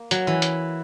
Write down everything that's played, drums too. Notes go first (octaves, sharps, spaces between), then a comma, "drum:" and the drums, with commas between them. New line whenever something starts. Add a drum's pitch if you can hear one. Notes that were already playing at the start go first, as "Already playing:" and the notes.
Already playing: A#3
F#3, drum: hi-hat
E3
drum: hi-hat